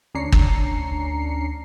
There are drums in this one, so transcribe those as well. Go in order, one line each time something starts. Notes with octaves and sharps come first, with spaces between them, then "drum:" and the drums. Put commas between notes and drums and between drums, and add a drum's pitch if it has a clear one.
D2 C#4 D4 A#5 C7 C#7
drum: kick